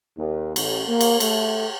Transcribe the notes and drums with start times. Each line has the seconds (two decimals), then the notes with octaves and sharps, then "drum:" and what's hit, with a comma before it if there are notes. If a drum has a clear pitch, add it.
0.18 D#2
0.56 A1, drum: cymbal
0.88 A#3
1.01 drum: cymbal
1.20 A3, drum: cymbal